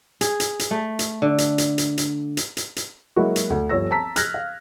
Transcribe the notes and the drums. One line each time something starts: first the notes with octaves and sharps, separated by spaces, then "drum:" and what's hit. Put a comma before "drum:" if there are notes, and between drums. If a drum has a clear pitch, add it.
G#4, drum: hi-hat
drum: hi-hat
drum: hi-hat
A3
drum: hi-hat
D3
drum: hi-hat
drum: hi-hat
drum: hi-hat
drum: hi-hat
drum: hi-hat
drum: hi-hat
drum: hi-hat
F#3 G#3 A#3 E4 F#4
drum: hi-hat
D2
G1 F3 C#5 E6 A#6
A5 A#5 E6 B6
F6 F#6 G#6 A#6, drum: hi-hat
F5